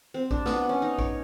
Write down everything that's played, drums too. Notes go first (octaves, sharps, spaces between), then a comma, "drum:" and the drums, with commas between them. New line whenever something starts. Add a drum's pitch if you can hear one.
C4
D4, drum: kick A#1
B3, drum: snare
C#4
D#4
C#5, drum: kick A#1